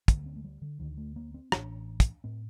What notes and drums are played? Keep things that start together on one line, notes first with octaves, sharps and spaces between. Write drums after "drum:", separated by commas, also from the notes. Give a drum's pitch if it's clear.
D2 D3 G3, drum: kick, hi-hat
C4
A3
G3
D3
D2 D3 D#3
A3
A#3
C4
A1 A2 D4, drum: rim click
drum: kick, hi-hat
A2 C4